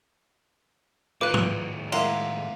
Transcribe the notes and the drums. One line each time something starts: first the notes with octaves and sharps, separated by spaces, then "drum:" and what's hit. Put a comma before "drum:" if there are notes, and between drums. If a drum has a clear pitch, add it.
A2 D#3 F4 B4 D6 F#6
drum: tom
G#3 A#3 E4 F5 F#5 A#5 C6, drum: cymbal